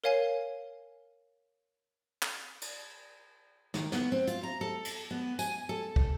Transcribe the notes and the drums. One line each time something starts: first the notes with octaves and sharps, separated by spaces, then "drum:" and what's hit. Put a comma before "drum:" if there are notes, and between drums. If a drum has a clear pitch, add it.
A#4 C#5 F5 G#5 C7
drum: clap
drum: cymbal
D#3, drum: snare
B3, drum: snare
C4
F4, drum: hi-hat
A#5
A4
drum: cymbal
B3
G#5, drum: tambourine
A4
drum: kick